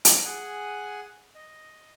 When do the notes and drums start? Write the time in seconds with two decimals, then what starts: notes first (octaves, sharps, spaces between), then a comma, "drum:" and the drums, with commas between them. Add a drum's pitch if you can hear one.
0.05 drum: hi-hat
0.24 G#4 F#5 G#5
1.35 D#5